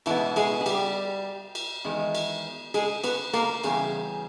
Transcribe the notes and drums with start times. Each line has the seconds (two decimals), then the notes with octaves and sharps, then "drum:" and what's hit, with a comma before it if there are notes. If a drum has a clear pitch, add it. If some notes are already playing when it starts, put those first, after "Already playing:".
0.06 B2 E3 G#3 B3 E4, drum: cymbal
0.36 G#3 G#4, drum: cymbal
0.61 G#4
0.66 G3 G4, drum: cymbal
1.55 drum: cymbal
1.85 E2 D#3 G#3
2.15 drum: cymbal
2.74 G#3 G#4, drum: cymbal
3.04 B3 B4, drum: cymbal
3.34 A#3 A#4, drum: cymbal
3.63 E2 C#3 G3 G#4, drum: cymbal